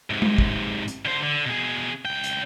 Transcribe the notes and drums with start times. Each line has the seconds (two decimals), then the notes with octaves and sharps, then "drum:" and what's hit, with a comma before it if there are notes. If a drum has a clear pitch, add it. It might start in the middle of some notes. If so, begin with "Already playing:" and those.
0.10 G#2 C3
0.22 drum: tom G#3
0.38 drum: kick
0.88 drum: hi-hat
1.05 D3 C5
1.23 D3
1.46 B2 G#4
2.05 C#2 G5
2.24 drum: hi-hat